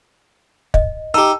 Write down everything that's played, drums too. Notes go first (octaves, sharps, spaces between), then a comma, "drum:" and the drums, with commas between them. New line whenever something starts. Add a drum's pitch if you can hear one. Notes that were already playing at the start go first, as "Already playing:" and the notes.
D#5, drum: kick
D#4 G4 A#4 A5 E6